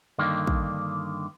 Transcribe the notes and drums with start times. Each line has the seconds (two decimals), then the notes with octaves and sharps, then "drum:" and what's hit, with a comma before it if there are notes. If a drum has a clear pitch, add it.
0.18 G2 D3 D#3 A#3
0.47 drum: kick